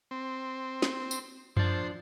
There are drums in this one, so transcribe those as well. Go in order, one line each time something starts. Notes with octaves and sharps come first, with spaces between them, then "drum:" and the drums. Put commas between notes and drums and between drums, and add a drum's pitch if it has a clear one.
C4
drum: snare
drum: tambourine
F3 D4 C5, drum: tom F#2